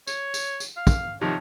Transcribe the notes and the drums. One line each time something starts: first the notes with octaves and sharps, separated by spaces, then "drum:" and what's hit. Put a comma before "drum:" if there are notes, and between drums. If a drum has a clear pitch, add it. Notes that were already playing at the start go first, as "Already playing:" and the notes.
C#5, drum: tambourine
drum: tambourine
drum: tambourine
F5
drum: kick, tambourine
C3 D#3 F3 C#5